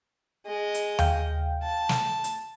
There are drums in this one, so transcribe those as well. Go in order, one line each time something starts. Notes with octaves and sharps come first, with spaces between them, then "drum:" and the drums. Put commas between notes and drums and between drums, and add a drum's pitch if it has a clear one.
G#3 D#5
drum: hi-hat
F5 G5, drum: tom D#2
A5
drum: snare
drum: hi-hat